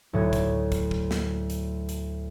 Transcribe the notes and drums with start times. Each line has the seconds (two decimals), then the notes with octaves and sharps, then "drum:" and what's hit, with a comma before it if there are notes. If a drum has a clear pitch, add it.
0.13 D2 A2 F#3 C#5 D#6 G#6
0.33 drum: kick, hi-hat
0.72 drum: kick, hi-hat
0.91 drum: kick
1.11 drum: snare
1.50 drum: hi-hat
1.89 drum: hi-hat